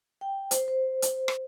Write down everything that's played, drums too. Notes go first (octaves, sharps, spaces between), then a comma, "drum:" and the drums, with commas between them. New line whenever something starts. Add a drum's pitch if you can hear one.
G5
C5, drum: hi-hat
C5
drum: hi-hat
drum: rim click